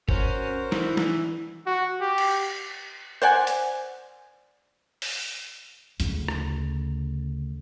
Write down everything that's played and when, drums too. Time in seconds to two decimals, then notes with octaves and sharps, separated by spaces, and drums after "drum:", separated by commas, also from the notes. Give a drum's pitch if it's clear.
0.09 C#4 F#4 A#4 C5, drum: kick G1
0.72 E3, drum: snare
0.97 drum: snare
1.67 F#4
2.01 G4
2.18 drum: cymbal
3.22 C5 D5 F#5 G#5
3.47 drum: hi-hat
5.02 drum: open hi-hat
6.00 D2 C#3, drum: hi-hat
6.28 drum: rim click